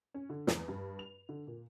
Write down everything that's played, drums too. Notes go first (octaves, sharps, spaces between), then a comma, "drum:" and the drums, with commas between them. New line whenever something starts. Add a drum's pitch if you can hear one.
C#4
D3
E2, drum: snare
G2
F7
D3
A#2